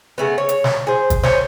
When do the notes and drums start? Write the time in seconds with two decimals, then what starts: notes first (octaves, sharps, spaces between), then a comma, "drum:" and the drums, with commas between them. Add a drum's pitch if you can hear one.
0.18 C#3 A3 B3
0.38 C#5
0.49 drum: hi-hat
0.64 drum: snare
0.87 G#4 C5
1.10 drum: kick, hi-hat
1.23 C5 C#5 G#5, drum: snare